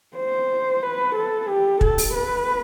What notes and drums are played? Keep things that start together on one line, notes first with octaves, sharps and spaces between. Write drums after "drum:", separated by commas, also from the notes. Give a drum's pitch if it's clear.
C5
B4
A4
G4
A4, drum: kick
drum: open hi-hat
B4